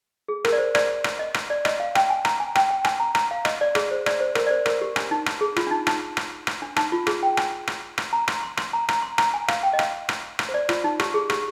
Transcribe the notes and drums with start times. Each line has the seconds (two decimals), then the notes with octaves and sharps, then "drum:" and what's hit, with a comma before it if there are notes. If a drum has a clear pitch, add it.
0.28 G#4
0.45 A#4, drum: rim click
0.53 D5
0.58 C5
0.75 D5, drum: rim click
1.04 drum: rim click
1.19 D#5
1.34 drum: rim click
1.50 D5
1.65 D#5, drum: rim click
1.80 F5
1.95 G5, drum: rim click
2.10 G#5
2.25 A#5, drum: rim click
2.40 G#5
2.55 G5, drum: rim click
2.71 G5
2.85 G#5, drum: rim click
3.00 A#5
3.15 A#5, drum: rim click
3.31 F5
3.45 D#5, drum: rim click
3.61 D5
3.75 G#4, drum: rim click
3.91 C5
4.06 D5, drum: rim click
4.21 C5
4.35 A#4, drum: rim click
4.47 D5
4.51 C5
4.66 A#4, drum: rim click
4.81 G4
4.96 D4, drum: rim click
5.11 D#4
5.26 drum: rim click
5.41 G#4
5.56 F4, drum: rim click
5.67 D4
5.71 D#4
5.87 D#4, drum: rim click
6.17 drum: rim click
6.47 drum: rim click
6.62 D4
6.76 D#4, drum: rim click
6.92 F4
7.07 G#4, drum: rim click
7.23 G5
7.37 G#5, drum: rim click
7.67 drum: rim click
7.98 drum: rim click
8.13 A#5
8.28 C6, drum: rim click
8.43 C6
8.57 C6, drum: rim click
8.73 A#5
8.89 A#5, drum: rim click
9.03 C6
9.18 A#5, drum: rim click
9.34 G#5
9.48 F5, drum: rim click
9.63 G5
9.73 D#5
9.79 F5, drum: rim click
10.09 drum: rim click
10.39 drum: rim click
10.49 C5
10.54 D5
10.69 F4, drum: rim click
10.84 D#4
11.00 G4, drum: rim click
11.14 G#4
11.30 G4, drum: rim click